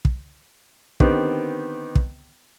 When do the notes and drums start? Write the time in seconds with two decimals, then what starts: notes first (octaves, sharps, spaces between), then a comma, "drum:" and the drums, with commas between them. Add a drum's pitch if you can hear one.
0.05 drum: kick
1.00 D3 D#3 B3 C4 G4, drum: kick
1.95 drum: kick